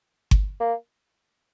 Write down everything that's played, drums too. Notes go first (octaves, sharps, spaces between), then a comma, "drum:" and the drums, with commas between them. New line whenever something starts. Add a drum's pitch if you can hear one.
drum: kick G1
A#3